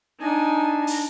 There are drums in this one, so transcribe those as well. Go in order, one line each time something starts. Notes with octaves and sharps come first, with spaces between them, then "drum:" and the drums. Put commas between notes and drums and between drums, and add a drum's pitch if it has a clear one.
D4 D#4 G#5
drum: open hi-hat